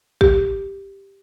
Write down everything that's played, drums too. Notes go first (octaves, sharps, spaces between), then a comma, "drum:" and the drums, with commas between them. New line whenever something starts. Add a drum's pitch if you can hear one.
G4, drum: kick